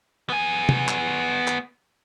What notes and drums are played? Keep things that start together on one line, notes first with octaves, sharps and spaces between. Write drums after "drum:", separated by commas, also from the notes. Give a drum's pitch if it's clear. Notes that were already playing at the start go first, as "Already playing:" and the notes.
B3 G#5
drum: tom C3
drum: clap
drum: clap